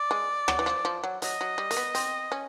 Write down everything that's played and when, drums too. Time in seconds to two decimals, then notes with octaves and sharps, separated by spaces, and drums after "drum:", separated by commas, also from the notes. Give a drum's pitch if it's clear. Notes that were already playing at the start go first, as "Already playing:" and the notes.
Already playing: D5
0.11 G#3
0.48 F#3, drum: rim click
0.59 E3
0.66 F3
0.85 F3
1.04 F#3
1.22 F#3 D#5, drum: hi-hat
1.41 F#3
1.58 G3
1.71 A#3, drum: hi-hat
1.77 B3
1.95 C4, drum: hi-hat
2.32 C#4